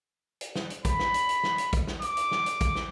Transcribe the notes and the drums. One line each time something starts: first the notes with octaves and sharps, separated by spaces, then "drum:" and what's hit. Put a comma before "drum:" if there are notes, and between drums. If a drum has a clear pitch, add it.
drum: hi-hat
drum: snare
drum: hi-hat
B5, drum: kick, hi-hat
drum: snare
drum: hi-hat
drum: hi-hat
drum: snare
drum: hi-hat
drum: kick, hi-hat
drum: snare
D6, drum: hi-hat
drum: hi-hat
drum: snare
drum: hi-hat
drum: kick, hi-hat
drum: snare